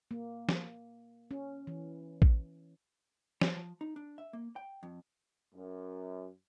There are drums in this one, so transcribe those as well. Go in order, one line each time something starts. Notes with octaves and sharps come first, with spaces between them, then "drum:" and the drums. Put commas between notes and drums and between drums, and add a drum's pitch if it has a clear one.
A#3
drum: snare F3
C#4
E3
drum: kick A1
C#5, drum: snare F3
F3
D#4
D4
E5
A#3
G5
F2
F#2